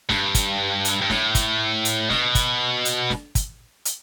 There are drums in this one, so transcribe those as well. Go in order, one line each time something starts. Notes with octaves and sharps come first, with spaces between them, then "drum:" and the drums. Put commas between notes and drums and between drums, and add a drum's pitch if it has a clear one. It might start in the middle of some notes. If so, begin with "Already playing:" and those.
G2, drum: snare
drum: kick, hi-hat
drum: hi-hat
G2
A2, drum: snare
drum: kick, hi-hat
drum: hi-hat
B2, drum: snare
drum: kick, hi-hat
drum: hi-hat
drum: snare
drum: kick, hi-hat
drum: hi-hat